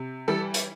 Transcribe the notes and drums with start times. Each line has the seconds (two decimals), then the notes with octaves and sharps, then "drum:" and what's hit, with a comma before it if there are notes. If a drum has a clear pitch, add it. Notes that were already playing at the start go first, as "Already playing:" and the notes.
Already playing: C3
0.28 E3 G3 A4
0.54 drum: hi-hat